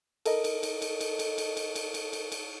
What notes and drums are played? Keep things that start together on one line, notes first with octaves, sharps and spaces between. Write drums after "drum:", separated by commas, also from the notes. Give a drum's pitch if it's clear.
A4 A#4 D#5, drum: cymbal
drum: cymbal
drum: cymbal
drum: cymbal
drum: cymbal
drum: cymbal
drum: cymbal
drum: cymbal
drum: cymbal
drum: cymbal
drum: cymbal
drum: cymbal